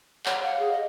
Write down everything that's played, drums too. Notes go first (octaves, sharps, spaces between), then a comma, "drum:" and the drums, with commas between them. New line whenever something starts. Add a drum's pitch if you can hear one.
C#5 F#5, drum: clap
F5 F#5
G#4
D#5